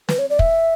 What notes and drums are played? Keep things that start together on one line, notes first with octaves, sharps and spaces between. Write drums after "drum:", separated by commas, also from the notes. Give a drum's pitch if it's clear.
B4, drum: snare
C#5
D5
E5, drum: kick